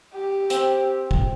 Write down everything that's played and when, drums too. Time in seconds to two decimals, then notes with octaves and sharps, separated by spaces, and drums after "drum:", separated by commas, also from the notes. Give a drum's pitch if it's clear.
0.13 G4
0.50 C4, drum: hi-hat
1.11 drum: kick